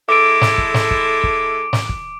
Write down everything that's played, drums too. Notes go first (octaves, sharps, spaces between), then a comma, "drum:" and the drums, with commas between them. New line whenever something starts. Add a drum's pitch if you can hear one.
G#3 E4 A4 D6 D7
drum: snare
drum: kick
drum: snare
drum: kick
drum: kick
drum: snare
drum: kick